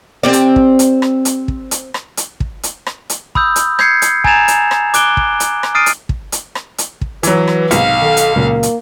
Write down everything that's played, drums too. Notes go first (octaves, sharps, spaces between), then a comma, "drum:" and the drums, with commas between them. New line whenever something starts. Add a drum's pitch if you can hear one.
C4 G4 D5
drum: hi-hat
drum: kick
drum: hi-hat
drum: rim click
drum: hi-hat
drum: kick
drum: hi-hat
drum: rim click
drum: hi-hat
drum: kick
drum: hi-hat
drum: rim click
drum: hi-hat
B5 D#6 E6 G6, drum: kick
drum: hi-hat
G6 G#6 C7 C#7, drum: rim click
drum: hi-hat
G#5 A#5 G#6 A6 E7 F7, drum: kick
drum: hi-hat
drum: rim click
D6 F#6 D7 G7, drum: hi-hat
drum: kick
drum: hi-hat
drum: rim click
D#6 F6 A6 C7 D7 D#7
drum: hi-hat
drum: kick
drum: hi-hat
drum: rim click
drum: hi-hat
drum: kick
E3 F#3 B4, drum: hi-hat
drum: rim click
B1 G#2 C3 A#3 F5, drum: hi-hat
D#3 A4
drum: hi-hat
C#2 A#2 F#3 A#3
drum: hi-hat